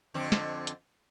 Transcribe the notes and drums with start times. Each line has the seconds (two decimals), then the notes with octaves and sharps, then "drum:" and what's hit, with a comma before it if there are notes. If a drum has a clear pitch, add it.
0.14 F2 D3 C4
0.32 drum: snare
0.67 drum: hi-hat